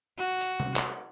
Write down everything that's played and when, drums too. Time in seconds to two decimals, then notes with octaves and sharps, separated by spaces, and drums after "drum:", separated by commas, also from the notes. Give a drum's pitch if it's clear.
0.18 F#4
0.41 drum: hi-hat
0.60 drum: tom C3
0.76 drum: clap